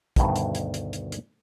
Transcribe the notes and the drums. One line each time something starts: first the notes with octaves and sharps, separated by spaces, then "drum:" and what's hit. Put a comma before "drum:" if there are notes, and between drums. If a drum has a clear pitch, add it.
D2 G2 B2 D#3, drum: kick, hi-hat
drum: hi-hat
drum: hi-hat
drum: hi-hat
drum: hi-hat
drum: hi-hat